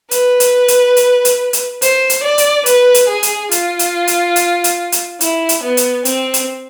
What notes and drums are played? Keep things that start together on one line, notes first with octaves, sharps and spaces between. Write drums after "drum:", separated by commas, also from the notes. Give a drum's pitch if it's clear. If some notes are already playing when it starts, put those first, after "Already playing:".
B4, drum: hi-hat
drum: hi-hat
drum: hi-hat
drum: hi-hat
drum: hi-hat
drum: hi-hat
C5, drum: hi-hat
drum: hi-hat
D5
drum: hi-hat
B4, drum: hi-hat
drum: hi-hat
G#4
drum: hi-hat
F4, drum: hi-hat
drum: hi-hat
drum: hi-hat
drum: hi-hat
drum: hi-hat
drum: hi-hat
E4, drum: hi-hat
drum: hi-hat
B3
drum: hi-hat
C4, drum: hi-hat
drum: hi-hat